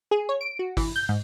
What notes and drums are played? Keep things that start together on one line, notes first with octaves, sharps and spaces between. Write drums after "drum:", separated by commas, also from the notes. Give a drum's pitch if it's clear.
G#4
C#5
D7
F#4
E3, drum: kick, open hi-hat
G6
G#2